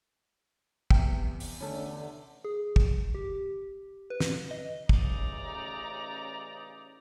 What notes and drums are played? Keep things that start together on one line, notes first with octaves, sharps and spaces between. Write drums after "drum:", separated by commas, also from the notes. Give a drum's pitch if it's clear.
E2 C3 G5, drum: kick
drum: open hi-hat
D3 A3 C#4
G#4
drum: kick
G4
B4
drum: snare
D#5
A1 C#3 D#4 D5 A#5, drum: kick